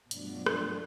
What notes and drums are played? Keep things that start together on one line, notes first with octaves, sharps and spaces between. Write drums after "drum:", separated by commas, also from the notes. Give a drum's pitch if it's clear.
G2 B2 F3 F#3 A3 D4, drum: hi-hat
drum: rim click